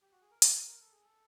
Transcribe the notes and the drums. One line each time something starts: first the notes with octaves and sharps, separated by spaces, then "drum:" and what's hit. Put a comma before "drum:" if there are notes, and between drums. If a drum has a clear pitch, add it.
G4
F#4
G#4
A#4
B4, drum: hi-hat
A#4
A#4
A4
G#4
A4